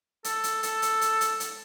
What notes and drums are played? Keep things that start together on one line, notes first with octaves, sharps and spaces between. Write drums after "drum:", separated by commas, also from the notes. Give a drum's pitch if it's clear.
A4, drum: hi-hat
drum: hi-hat
A4, drum: hi-hat
drum: hi-hat
drum: hi-hat
drum: hi-hat
drum: hi-hat